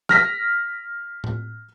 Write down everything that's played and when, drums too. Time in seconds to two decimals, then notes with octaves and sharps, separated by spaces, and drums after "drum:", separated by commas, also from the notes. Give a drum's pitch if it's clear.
0.09 F6 A#6 B6, drum: snare
1.24 drum: tom A2